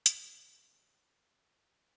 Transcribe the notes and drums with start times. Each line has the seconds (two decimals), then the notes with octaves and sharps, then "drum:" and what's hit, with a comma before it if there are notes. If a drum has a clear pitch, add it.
0.06 C3 F#3 B3 C4, drum: hi-hat